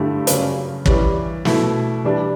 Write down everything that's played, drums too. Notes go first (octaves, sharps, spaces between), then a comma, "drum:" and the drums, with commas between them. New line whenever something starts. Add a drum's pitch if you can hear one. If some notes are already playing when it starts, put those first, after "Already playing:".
Already playing: G2 D3 A3 E4 G4
F#2 C#3 G3 C#4, drum: hi-hat
E3 G3 C#4, drum: kick
B2 A3 E4, drum: snare
E3 G3 D4